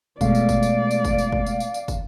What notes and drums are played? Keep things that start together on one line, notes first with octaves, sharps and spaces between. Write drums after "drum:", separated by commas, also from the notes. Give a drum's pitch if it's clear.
B2 G#3 A3 D5 F5, drum: kick, tambourine
drum: tambourine
drum: kick, tambourine
drum: tambourine
drum: tambourine
drum: kick, tambourine
drum: tambourine
drum: kick
drum: tambourine
drum: tambourine
drum: tambourine
drum: kick, tambourine